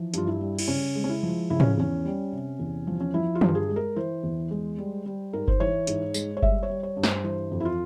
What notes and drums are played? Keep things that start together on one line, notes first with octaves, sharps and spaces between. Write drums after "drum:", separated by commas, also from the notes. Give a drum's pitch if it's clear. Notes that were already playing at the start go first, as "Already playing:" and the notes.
Already playing: E3 F3
G2 F4, drum: hi-hat
E4
G3
E4, drum: cymbal
C#3 C#4
G#3
C#4
E4
F3
C#3 E4
C#4, drum: tom
E2 C#4
G3
C3
E2
F3
C#4
F3 E4
F4
G2, drum: tom
G#4
G#3
A#4
E3 C5
E2
G#3
G3
G3
G#2 A#4
C5, drum: kick G1
E3 C#5
G#2, drum: hi-hat
G#3, drum: tambourine
C#5
G3 E5, drum: kick G1
C#5
G3
C#5
G2
C5, drum: snare
E3 C5
F2
E4
F4